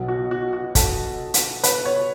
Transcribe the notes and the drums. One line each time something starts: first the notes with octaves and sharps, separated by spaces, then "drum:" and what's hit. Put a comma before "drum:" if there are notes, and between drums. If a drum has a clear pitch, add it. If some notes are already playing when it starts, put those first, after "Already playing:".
Already playing: B1 B2 F#3
F#4
F#4
F#4
A4, drum: kick, hi-hat
drum: hi-hat
B4, drum: hi-hat
C#5